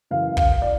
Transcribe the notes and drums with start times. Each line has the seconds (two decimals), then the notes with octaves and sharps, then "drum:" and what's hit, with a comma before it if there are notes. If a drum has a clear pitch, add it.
0.11 F#2 C#3 E3 F5
0.37 F5, drum: kick
0.62 D5